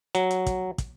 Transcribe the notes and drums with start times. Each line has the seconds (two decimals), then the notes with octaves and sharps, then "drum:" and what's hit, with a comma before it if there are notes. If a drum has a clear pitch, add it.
0.15 F#3, drum: hi-hat
0.31 drum: hi-hat
0.46 drum: kick, hi-hat
0.78 drum: kick, hi-hat